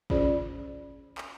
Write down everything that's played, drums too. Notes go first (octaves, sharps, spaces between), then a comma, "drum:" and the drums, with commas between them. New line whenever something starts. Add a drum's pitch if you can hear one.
C#4 F4 G#4 C5 D5, drum: kick
drum: clap